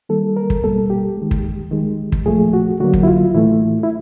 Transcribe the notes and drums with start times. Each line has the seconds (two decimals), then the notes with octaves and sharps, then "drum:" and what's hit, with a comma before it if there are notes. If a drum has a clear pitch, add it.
0.09 D#3 G3 A#3 A4
0.37 A#4
0.50 drum: kick
0.64 B2 G3 A#3 A4
0.90 G4
1.17 D#3 G#3
1.31 drum: kick
1.71 D#3 G#3
2.12 drum: kick
2.26 A#2 F3 A3 G#4
2.53 F#4
2.80 D3 F#3 A#3 F#4
2.94 drum: kick
3.03 E4
3.08 F4
3.34 A2 E3 A3 E4
3.83 E4